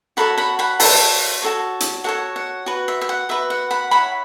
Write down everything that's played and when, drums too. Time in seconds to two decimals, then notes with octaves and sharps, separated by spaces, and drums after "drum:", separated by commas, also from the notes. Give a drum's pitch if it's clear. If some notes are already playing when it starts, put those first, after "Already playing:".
0.17 F#4 A4 C#5 F#5 B5
0.38 F#5 B5
0.59 F#5 B5
0.80 F#4 A4 C#5 E5 A5, drum: open hi-hat
1.42 F#4 A4 C#5
1.80 drum: hi-hat
2.04 F#4 A4 C#5 F#5
2.36 F#5
2.66 F#4 B4
2.88 E5
3.01 E5
3.09 F#5
3.29 F#4 B4 E5
3.50 F#5
3.71 F#5 B5
3.91 E4 C#5 F#5 B5